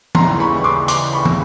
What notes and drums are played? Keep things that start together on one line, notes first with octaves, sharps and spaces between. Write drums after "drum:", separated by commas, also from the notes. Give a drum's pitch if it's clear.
D#2 C#3 E3 G3 A#5 C6, drum: tom
B5 C#6
C#6
C6 D6
C6 D6, drum: hi-hat
B5 C#6
drum: tom